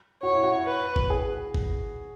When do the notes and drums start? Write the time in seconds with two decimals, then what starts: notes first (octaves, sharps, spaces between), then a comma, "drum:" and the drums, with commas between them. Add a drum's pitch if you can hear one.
0.23 F#4 C#5
0.33 E4
0.43 F#4
0.66 B4
0.96 drum: kick G#1
1.10 G#4
1.55 drum: kick G#1